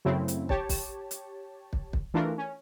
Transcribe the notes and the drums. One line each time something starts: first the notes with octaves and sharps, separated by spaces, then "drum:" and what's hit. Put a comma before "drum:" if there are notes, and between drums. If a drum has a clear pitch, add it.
F#2 C#3 F#3 A3 C4 E4
drum: hi-hat
G4 C#5 A5, drum: kick
drum: kick, open hi-hat
drum: hi-hat
drum: kick
drum: kick
E3 A3 D4 F4 A#4
C#4